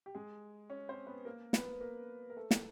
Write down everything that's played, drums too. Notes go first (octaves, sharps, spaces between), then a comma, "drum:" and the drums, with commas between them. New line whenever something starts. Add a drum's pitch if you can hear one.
G4
G#3 G#4
C#4 C#5
C4 C5
B3 B4
A#3 A#4
B3 B4, drum: snare
A#3 A#4
A#4
A3 A4
drum: snare